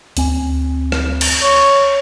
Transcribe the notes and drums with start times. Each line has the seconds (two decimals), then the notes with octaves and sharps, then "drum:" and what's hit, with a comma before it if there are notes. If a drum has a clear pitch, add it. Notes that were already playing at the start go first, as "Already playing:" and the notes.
0.17 D2 C4 G#5, drum: hi-hat
0.92 drum: rim click
1.21 drum: cymbal
1.43 C#5